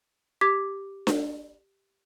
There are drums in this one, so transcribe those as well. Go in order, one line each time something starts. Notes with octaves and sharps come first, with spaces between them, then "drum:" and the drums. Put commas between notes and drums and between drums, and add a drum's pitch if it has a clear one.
G4 D6 G#6 B6
drum: snare D4